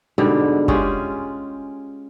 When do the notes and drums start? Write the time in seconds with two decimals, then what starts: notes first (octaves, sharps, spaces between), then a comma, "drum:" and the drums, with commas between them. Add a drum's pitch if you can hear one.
0.18 G#2 B2 D3 G3
0.68 G#3 C#4 F4 G4, drum: kick